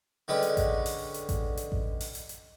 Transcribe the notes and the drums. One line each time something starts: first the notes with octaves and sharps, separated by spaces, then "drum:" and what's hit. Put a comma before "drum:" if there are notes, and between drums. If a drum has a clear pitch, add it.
D3 G#3 C#4 G4 B4
drum: hi-hat
drum: kick A1, hi-hat
drum: open hi-hat
drum: hi-hat
drum: kick A1, hi-hat
drum: hi-hat
drum: kick A1
drum: open hi-hat
drum: hi-hat
drum: hi-hat